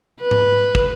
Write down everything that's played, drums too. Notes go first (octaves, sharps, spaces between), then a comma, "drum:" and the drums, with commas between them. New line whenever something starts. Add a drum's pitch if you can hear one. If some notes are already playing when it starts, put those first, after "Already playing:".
B4
drum: tom G#2
drum: kick